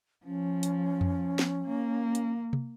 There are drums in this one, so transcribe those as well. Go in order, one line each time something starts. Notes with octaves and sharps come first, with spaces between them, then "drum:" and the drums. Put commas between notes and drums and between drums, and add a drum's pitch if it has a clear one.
F3 C#4
drum: hi-hat
drum: tom F2
drum: snare
A#3
drum: hi-hat
drum: tom C3